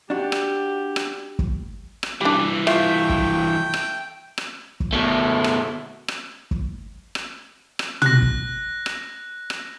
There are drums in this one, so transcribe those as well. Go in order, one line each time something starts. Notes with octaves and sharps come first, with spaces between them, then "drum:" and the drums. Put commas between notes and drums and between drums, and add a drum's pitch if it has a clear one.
D4 F#4 G4
drum: rim click
drum: rim click
drum: kick
drum: rim click
G2 E3 D4 G4
A3 F4 G4 E5 G5, drum: rim click
drum: kick
drum: rim click
drum: rim click
drum: kick
B2 A3
drum: rim click
drum: rim click
drum: kick
drum: rim click
drum: rim click
F#6 A#6, drum: tom
drum: kick
drum: rim click
drum: rim click